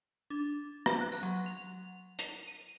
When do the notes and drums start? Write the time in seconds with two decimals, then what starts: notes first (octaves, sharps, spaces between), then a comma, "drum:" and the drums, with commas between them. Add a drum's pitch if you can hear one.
0.30 D4
0.86 drum: rim click
1.01 F#6
1.12 drum: tambourine
1.23 F#3
1.46 F7
2.19 drum: hi-hat
2.48 D#7